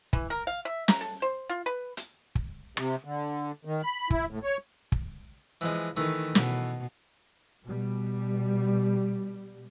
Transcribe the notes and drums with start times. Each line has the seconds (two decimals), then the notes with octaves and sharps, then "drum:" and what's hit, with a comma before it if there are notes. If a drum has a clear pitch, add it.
0.13 E3, drum: kick
0.30 A#4
0.47 F5
0.65 E5
0.88 A#5, drum: snare
1.01 A4
1.22 C5
1.50 F4
1.66 B4
1.97 drum: hi-hat
2.35 drum: kick
2.77 C3, drum: rim click
3.05 D3
3.65 D#3
3.83 B5
4.10 E4, drum: kick
4.31 A2
4.44 C#5
4.92 drum: kick
5.61 E3 F3 G#3
5.97 D#3 E3 A3
6.35 B2, drum: snare
7.65 B2 G3